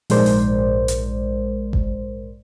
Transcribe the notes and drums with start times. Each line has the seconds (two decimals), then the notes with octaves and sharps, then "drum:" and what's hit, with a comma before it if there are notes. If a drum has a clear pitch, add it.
0.10 A#1 G#2 G#3 A#4 C5 D5, drum: open hi-hat
0.26 drum: open hi-hat
0.88 drum: hi-hat
1.73 drum: kick G1